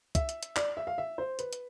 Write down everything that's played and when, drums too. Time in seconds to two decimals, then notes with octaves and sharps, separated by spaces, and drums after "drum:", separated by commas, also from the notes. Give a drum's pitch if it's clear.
0.15 E5, drum: kick, hi-hat
0.29 drum: hi-hat
0.43 drum: hi-hat
0.56 D5, drum: clap
0.77 E5
0.87 F5
0.98 E5
1.18 C5
1.39 B4, drum: hi-hat
1.53 drum: hi-hat